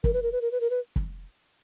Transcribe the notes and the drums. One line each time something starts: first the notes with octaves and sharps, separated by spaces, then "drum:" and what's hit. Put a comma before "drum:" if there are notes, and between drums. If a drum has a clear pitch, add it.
A#4, drum: kick
B4
A#4
B4
A#4
B4
A#4
B4
drum: kick